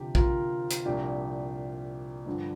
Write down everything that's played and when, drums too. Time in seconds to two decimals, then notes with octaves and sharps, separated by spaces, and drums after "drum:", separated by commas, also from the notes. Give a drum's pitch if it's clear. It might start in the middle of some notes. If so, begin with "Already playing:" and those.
Already playing: D2 C3 F3 G4
0.15 F4 A#4, drum: kick A#1
0.71 drum: hi-hat
0.85 C2 A#2 F3 D4 G4
2.26 G2 D3 F3